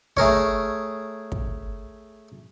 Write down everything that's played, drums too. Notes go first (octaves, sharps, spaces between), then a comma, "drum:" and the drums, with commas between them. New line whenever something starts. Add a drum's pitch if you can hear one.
A3 G#4 A#4 C#5, drum: kick
drum: kick